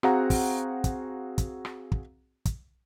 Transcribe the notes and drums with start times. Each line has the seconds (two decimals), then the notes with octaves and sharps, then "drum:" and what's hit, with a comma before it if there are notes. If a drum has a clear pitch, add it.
0.03 C4 F#4 G#4 F5 F#5 A#5, drum: rim click
0.30 drum: kick, open hi-hat
0.84 drum: kick, hi-hat
1.38 drum: kick, hi-hat
1.65 drum: rim click
1.92 drum: kick
2.45 drum: kick, hi-hat